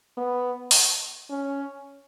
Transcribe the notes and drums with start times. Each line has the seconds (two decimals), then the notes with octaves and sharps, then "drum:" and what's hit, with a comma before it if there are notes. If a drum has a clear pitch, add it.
0.17 B3
0.71 drum: open hi-hat
1.30 C#4